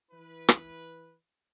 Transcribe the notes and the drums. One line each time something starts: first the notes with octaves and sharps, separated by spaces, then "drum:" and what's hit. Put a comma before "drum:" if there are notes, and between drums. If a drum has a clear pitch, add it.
E3 E4 B4
drum: rim click